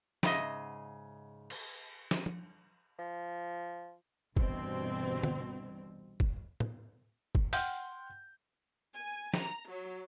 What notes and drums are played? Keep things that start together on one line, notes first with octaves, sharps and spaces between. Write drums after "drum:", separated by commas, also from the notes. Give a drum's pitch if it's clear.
G#2 C#3 F#3 D#5 E5, drum: snare
drum: cymbal
drum: snare
drum: tom F3
F3
G1 C2 B2 D3 E3 C4, drum: kick
drum: tom D3
drum: kick
drum: tom
drum: kick
F#5 G5 C6 F6 G6, drum: open hi-hat
G#5
A#5, drum: snare
F#3